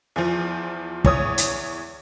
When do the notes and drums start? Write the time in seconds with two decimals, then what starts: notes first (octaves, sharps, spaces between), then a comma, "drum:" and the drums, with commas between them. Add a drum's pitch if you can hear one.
0.16 E2 F3
1.04 E2 C#5 D#6, drum: kick
1.38 drum: hi-hat